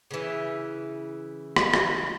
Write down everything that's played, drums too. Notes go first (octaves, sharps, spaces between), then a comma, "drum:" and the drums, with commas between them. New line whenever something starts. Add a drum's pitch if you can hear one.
C#3 E3
drum: rim click
drum: rim click